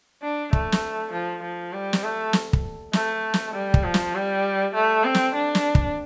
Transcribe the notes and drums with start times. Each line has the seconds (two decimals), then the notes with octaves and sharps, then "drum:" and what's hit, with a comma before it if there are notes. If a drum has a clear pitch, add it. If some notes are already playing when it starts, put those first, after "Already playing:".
0.22 D4
0.53 A3, drum: kick
0.72 drum: snare
1.12 F3
1.43 F3
1.73 G3
1.93 drum: snare
2.03 A3
2.33 drum: snare
2.53 drum: kick
2.93 A3, drum: snare
3.34 drum: snare
3.54 G3
3.74 drum: kick
3.84 F3
3.94 drum: snare
4.14 G3
4.74 A3
5.04 C4
5.15 drum: snare
5.35 D4
5.55 drum: snare
5.75 drum: kick